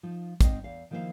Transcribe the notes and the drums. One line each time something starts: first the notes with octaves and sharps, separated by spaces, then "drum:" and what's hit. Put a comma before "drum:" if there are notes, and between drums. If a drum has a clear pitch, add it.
F3 D#4 F4
G#2 C4 D#5, drum: kick, hi-hat
E2 F5
D#3 F3 A#3 E4 C5 F5